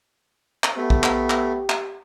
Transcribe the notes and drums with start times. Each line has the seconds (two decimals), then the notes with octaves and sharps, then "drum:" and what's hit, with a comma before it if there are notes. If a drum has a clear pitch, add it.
0.64 drum: clap
0.77 A3 B3 G4
0.90 drum: kick A#1
1.03 drum: clap
1.30 drum: clap
1.70 drum: clap